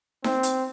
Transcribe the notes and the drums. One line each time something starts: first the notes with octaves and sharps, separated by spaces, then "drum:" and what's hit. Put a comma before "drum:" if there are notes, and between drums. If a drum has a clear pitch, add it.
C4, drum: snare D#4
drum: hi-hat